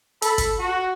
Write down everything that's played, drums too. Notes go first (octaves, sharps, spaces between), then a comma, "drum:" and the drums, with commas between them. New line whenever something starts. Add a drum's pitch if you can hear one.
A4 B5, drum: hi-hat
drum: kick, hi-hat
F#4